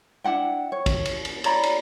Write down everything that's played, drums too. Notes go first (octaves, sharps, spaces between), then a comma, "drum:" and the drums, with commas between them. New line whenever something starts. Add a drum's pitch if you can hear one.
D4 E4 F#5 G5
C#5
drum: kick, cymbal
drum: cymbal
drum: cymbal
C#5 D5 A#5 B5, drum: cymbal
drum: cymbal